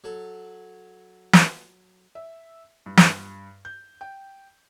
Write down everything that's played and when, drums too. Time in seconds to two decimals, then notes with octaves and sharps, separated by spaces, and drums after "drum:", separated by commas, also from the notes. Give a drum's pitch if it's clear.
0.04 F#3 A4
1.33 drum: snare
2.15 E5
2.86 G2
2.97 drum: snare
3.65 G6
4.01 G5